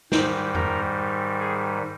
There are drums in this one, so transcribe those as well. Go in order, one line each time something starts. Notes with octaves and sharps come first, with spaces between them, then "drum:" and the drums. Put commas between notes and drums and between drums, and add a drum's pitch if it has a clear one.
G#2 D#3 G3 C5, drum: snare
A#4, drum: tom F2
G#4